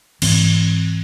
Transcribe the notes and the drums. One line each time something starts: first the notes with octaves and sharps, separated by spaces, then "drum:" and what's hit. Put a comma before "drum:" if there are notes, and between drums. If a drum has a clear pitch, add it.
G#2 E3 C4, drum: cymbal